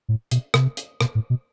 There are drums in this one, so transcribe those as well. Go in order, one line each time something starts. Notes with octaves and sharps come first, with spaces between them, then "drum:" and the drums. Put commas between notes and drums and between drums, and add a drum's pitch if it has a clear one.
A2
B2, drum: hi-hat
C3, drum: rim click
drum: hi-hat
B2, drum: rim click
A2
B2